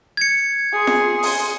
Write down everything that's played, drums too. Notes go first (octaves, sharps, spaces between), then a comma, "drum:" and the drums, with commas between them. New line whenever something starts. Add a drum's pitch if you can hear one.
G#6 C#7
G#4 C6
drum: snare
drum: open hi-hat